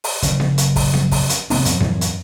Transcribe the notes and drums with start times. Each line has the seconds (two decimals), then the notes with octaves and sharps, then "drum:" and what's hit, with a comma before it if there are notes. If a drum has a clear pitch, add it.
0.04 drum: open hi-hat
0.22 F#1 C#3, drum: hi-hat
0.40 drum: snare B3
0.58 drum: hi-hat
0.76 drum: kick, open hi-hat
0.94 drum: snare B3
1.11 drum: kick, open hi-hat
1.29 drum: hi-hat
1.50 C3 B3 D4, drum: open hi-hat
1.65 F2, drum: hi-hat
1.80 F#2 E3, drum: snare B3
2.01 drum: hi-hat